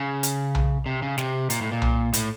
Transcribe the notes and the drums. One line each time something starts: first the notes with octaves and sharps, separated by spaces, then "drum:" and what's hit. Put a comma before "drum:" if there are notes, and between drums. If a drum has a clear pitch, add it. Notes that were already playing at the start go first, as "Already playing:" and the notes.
Already playing: C#3
drum: hi-hat
drum: tom B1
C3
C#3
C3, drum: snare
A#2, drum: hi-hat
A2
A#2
drum: tom B1
A2, drum: hi-hat